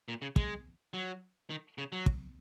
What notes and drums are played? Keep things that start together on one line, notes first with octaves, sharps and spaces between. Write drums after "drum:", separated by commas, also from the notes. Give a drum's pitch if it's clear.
A#2
C#3
G#3, drum: kick
F#3
D#3
C#3
F#3
drum: kick